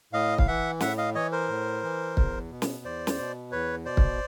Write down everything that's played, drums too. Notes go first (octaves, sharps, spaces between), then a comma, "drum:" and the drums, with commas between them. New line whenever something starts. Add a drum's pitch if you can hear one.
A2 D#5 F5
F5, drum: kick
E3 E5 F#5
A2 E5 F#5, drum: snare
D#5 F5
E3 C#5 D#5
A#4 C5
A2
E3
E2, drum: kick
B2
drum: snare
E2 C5 D5
drum: snare
B2
E2 B4 C#5
B2 C5 D5
drum: kick